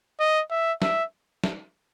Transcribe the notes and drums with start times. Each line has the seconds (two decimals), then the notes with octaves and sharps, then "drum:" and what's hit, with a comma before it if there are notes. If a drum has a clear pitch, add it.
0.20 D#5
0.51 E5
0.82 E5, drum: snare
1.44 drum: snare